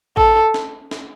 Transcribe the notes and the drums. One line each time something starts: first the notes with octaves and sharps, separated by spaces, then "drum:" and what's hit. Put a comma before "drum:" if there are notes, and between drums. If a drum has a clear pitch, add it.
A4, drum: kick A1
drum: snare
drum: snare